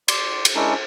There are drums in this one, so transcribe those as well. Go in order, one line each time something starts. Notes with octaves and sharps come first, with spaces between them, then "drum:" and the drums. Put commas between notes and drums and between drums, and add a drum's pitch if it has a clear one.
D5 C6, drum: cymbal
drum: cymbal
G#3 C#4 D4 E4 A#4